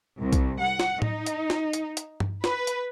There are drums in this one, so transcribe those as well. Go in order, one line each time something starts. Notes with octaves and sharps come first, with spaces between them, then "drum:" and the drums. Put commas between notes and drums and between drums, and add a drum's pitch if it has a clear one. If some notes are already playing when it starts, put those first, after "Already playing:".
C2
drum: kick B1, hi-hat
F#5
drum: snare
D#4, drum: tom A2
drum: hi-hat
drum: snare
drum: hi-hat
drum: hi-hat
drum: tom G2
B4, drum: snare
drum: hi-hat